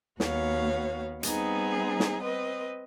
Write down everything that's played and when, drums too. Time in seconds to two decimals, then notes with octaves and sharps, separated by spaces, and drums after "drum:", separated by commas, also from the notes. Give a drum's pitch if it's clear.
0.20 D#2 B3 F#4 C#5 F5, drum: snare
1.23 G3 B3 C4 D#4 G#4, drum: hi-hat
2.00 drum: snare
2.22 C4 B4 D#5